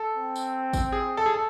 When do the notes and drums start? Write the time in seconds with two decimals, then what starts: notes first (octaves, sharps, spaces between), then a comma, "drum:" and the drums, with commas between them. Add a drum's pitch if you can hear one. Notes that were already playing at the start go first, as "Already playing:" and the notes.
Already playing: A4
0.17 C4
0.36 drum: tambourine
0.73 drum: kick G#1, tambourine
0.92 G#4
1.17 A4
1.26 G#4
1.34 A4